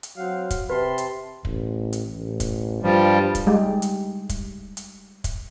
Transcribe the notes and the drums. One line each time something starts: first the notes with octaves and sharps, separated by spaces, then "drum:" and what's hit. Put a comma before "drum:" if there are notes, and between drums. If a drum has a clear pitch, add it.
drum: hi-hat
F#3 C4 F5 F#5
drum: kick, hi-hat
C3 B4 A5 B5 C6
drum: hi-hat
A1, drum: kick
drum: hi-hat
A1
drum: kick, hi-hat
G2 F3 G3
drum: kick, hi-hat
G3 G#3
drum: hi-hat
drum: kick, hi-hat
drum: hi-hat
drum: kick, hi-hat